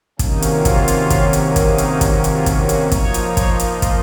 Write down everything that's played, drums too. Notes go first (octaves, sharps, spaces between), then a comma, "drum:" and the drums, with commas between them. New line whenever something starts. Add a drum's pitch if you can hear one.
C3 D#3 F#3 A#3 C#4 D#4, drum: kick, hi-hat
drum: hi-hat
F4
drum: kick, hi-hat
drum: hi-hat
drum: kick, hi-hat
drum: hi-hat
D#4, drum: kick, hi-hat
drum: hi-hat
drum: kick, hi-hat
F4, drum: hi-hat
drum: kick, hi-hat
F#4
drum: hi-hat
F3 A#3 D#4 C#5, drum: kick, hi-hat
drum: hi-hat
C#5
drum: kick, hi-hat
drum: hi-hat
drum: kick, hi-hat